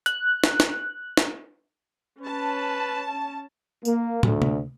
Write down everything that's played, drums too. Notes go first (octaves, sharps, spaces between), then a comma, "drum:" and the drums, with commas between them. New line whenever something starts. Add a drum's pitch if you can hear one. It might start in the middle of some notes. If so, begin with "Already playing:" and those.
F#6, drum: hi-hat
drum: snare
drum: snare
drum: snare
C#4 B4 A5
A#3, drum: tambourine
D2, drum: tom
drum: tom